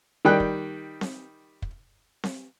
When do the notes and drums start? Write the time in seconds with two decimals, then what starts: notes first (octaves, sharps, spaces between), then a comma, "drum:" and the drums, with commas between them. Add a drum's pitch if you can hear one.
0.25 D#3 G3 G5 F#6
0.40 drum: kick
1.01 drum: snare C4
1.62 drum: kick
2.24 drum: snare C4